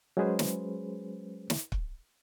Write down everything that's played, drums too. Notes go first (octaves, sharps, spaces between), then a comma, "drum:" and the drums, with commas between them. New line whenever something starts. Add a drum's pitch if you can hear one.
F#3 G#3 C#4 G#4 B4 C5
drum: snare
drum: snare
drum: kick